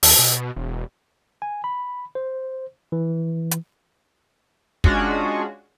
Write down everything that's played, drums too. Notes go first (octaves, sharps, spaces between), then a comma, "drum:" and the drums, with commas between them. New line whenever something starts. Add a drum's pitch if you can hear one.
D#2, drum: open hi-hat
B2
E1
G#5
B5
C5
E3
drum: hi-hat
G#3 C#4 D4 F4 F#4 G#4, drum: kick